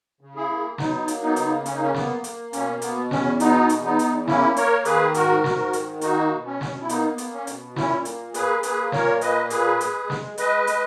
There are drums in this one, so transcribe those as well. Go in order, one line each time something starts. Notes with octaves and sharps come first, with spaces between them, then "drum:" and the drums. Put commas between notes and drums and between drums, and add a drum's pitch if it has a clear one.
C#3
E4 G#4
A#3
F#3 B3 D#4, drum: snare
A#3, drum: hi-hat
B3 D#4
C#3, drum: hi-hat
A#3 C#4, drum: hi-hat
D#4
C#4
A#3 B3, drum: snare
A#3, drum: hi-hat
B2 C#4, drum: hi-hat
B2 B3, drum: hi-hat
E2 C#4, drum: snare
B2 B3 D#4, drum: hi-hat
E2, drum: hi-hat
B3 D#4
E2, drum: hi-hat
A#3 C#4 E4, drum: snare
A#3 A#4 C#5, drum: hi-hat
D#3 G#4 B4, drum: hi-hat
G#2 F#4 A#4, drum: hi-hat
G#2, drum: snare
D#3, drum: hi-hat
A#3 D#4 F#4, drum: hi-hat
B2
C#4
B2, drum: snare
E4
A#3 B3 D#4, drum: hi-hat
B3
A#3, drum: hi-hat
C#4
B2, drum: hi-hat
A#2 C#4 E4, drum: snare
A#3, drum: hi-hat
A#3 G#4 B4, drum: hi-hat
A#3 G#4 B4, drum: hi-hat
A#2 A#4 C#5, drum: snare
A#3 B4 D#5, drum: hi-hat
A#2 G#4 B4, drum: hi-hat
G#3, drum: hi-hat
G#3, drum: snare
G#3 B4 D#5, drum: hi-hat
G#3, drum: hi-hat